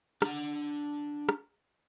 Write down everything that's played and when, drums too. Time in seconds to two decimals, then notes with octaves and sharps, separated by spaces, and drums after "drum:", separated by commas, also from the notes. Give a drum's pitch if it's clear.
0.22 D4 F#5, drum: rim click
1.29 drum: rim click